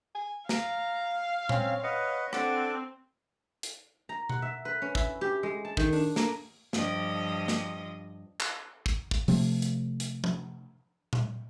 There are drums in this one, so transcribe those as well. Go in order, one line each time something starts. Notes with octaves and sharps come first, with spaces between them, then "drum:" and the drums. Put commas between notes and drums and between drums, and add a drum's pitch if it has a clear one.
G#5
F5 A#5, drum: snare
C4 C#4 C#5, drum: tom A#2
B4 D#5 F#5
C4 D4 A4 F#5 D6, drum: rim click
drum: hi-hat
A#5
F#5, drum: tom B2
E5
B4
C#4
E4, drum: kick
G4
G#3
A5
D#3, drum: kick
D4, drum: open hi-hat
A#3, drum: snare
G2 F3 D#5, drum: snare
drum: snare
drum: clap
drum: kick
drum: kick
C3 F3 A3, drum: open hi-hat
drum: hi-hat
drum: hi-hat
drum: tom F3
drum: tom A#2